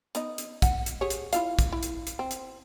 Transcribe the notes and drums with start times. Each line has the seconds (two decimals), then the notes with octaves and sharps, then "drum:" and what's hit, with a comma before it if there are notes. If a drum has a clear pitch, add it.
0.15 B3 D#4 D#5, drum: hi-hat
0.38 drum: hi-hat
0.62 F#5, drum: kick, hi-hat
0.86 drum: hi-hat
1.01 G4 G#4 C#5
1.10 drum: hi-hat
1.33 E4 F4 F5, drum: hi-hat
1.59 drum: kick, hi-hat
1.72 E4
1.83 drum: hi-hat
2.07 drum: hi-hat
2.19 C4
2.31 drum: hi-hat